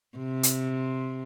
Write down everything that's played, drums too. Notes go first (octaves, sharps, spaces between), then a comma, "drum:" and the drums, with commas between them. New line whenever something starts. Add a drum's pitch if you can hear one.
C3
drum: hi-hat